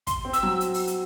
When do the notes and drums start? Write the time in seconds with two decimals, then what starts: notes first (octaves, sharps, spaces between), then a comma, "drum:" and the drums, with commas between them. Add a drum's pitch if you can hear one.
0.07 C6, drum: kick, hi-hat
0.25 C4
0.33 E6, drum: hi-hat
0.43 F#3
0.61 drum: hi-hat
0.74 drum: open hi-hat
0.87 drum: hi-hat